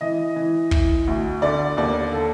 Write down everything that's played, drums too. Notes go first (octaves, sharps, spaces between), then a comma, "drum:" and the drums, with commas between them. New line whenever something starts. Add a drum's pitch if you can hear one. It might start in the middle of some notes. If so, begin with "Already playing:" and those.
E3 D#5
E3
E3, drum: kick
D2
D3 D5
D#2 D5
A4